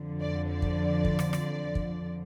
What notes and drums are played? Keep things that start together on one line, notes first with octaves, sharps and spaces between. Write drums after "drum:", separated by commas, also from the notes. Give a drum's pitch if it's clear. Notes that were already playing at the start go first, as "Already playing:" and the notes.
Already playing: F2 D3 F3
D5
D5
drum: kick
drum: kick
drum: rim click
drum: rim click
drum: kick